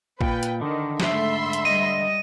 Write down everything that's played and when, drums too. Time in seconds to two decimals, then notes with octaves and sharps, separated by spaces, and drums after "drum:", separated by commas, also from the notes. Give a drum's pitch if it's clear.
0.21 A#2 B4 G5, drum: kick
0.43 drum: hi-hat
0.61 D3 D#3
1.00 G#2 A3 E5 B5 C6, drum: snare
1.53 drum: hi-hat
1.65 G3 D#5 D#7